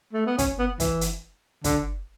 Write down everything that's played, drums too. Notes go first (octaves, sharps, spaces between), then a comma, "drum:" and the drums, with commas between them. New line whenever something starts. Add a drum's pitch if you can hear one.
A3
B3
C#4, drum: kick, hi-hat
B3
E3, drum: kick, hi-hat
drum: hi-hat
D3, drum: kick, hi-hat